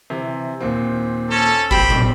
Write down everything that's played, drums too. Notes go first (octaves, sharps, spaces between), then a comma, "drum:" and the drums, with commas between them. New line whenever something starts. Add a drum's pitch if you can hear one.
C3 E3
D#2 A#2 C4
C#4 A4
G3 C4 G5 B5, drum: kick F#1
drum: tom